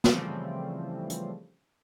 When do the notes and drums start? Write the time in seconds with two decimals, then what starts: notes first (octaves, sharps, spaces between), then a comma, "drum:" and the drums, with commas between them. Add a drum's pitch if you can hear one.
0.04 C#3 E3 F3 G3 A3 C4, drum: snare
1.10 drum: hi-hat